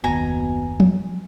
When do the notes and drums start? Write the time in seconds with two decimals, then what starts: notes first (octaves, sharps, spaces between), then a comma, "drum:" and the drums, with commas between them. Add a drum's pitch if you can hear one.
0.04 F#1 D#2 B2 G#5 A#5
0.80 drum: tom F3